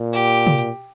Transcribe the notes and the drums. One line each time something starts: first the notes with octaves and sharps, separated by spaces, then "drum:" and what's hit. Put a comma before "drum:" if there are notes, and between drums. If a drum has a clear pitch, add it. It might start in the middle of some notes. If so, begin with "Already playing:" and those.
Already playing: A#2
G4
drum: tom